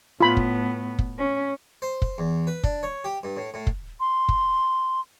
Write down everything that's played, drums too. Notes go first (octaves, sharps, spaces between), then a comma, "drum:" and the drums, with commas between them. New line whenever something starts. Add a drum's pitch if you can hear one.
A2 B3 F4 B5
drum: kick
drum: kick
C#4
C5
drum: kick
E2
B4
D4, drum: kick
C#5
G4
G2
A2
A2
drum: kick
C6
drum: kick